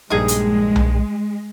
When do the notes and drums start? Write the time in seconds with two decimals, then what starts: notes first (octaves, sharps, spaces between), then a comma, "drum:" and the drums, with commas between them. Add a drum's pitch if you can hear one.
0.10 A#1 G2 G#3 D#4 G#4 D#6
0.28 drum: hi-hat
0.76 drum: tom B1